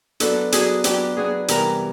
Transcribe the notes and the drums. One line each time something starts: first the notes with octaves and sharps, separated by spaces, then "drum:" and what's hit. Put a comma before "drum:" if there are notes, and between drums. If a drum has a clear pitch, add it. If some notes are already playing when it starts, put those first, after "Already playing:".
F#3 B3 D4 F#4 A4, drum: hi-hat
F#3 B3 D4 F#4 G#4, drum: hi-hat
F#3 B3 D4 F#4 G4, drum: hi-hat
F#3 B3 D4 F#4 G#4
C3 E3 G3 B3 A#4, drum: hi-hat